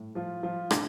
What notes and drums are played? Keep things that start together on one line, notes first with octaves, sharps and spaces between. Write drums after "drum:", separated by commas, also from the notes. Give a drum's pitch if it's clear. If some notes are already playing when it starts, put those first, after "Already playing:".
Already playing: A2
F3 F4
F3 F4
C3 D4, drum: rim click